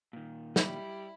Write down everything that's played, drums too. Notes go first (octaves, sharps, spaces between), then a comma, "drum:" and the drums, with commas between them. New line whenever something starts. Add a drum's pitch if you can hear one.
A#2 D#3
G3 E4, drum: snare